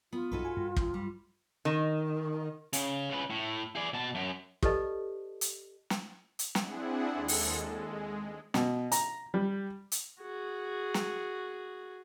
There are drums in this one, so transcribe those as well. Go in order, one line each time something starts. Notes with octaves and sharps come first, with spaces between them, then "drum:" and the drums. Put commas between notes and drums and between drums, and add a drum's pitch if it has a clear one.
B3 F4
B1 G2 D#4 F#4 A4 B4
G#5
G2
D2, drum: kick
G3
D#3
C#3, drum: hi-hat
C#3 B4
A2
G#4 D5
B2 A5
F#2
G4 A4 B4 D5 D#5 A5, drum: kick
drum: hi-hat
drum: snare
drum: hi-hat
C4 D4 E4 G#4 F#5, drum: snare
D#2 G#3 A4
drum: open hi-hat
G#3
B2, drum: snare
A#5, drum: hi-hat
G3
drum: hi-hat
F#4 G#4
drum: snare